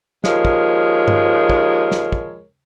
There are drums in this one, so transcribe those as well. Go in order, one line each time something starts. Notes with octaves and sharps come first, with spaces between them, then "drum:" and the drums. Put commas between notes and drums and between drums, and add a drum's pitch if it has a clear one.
D#2 F3 G#3 A#4 C#5, drum: snare
drum: kick
drum: tom G2
drum: kick
drum: snare
drum: kick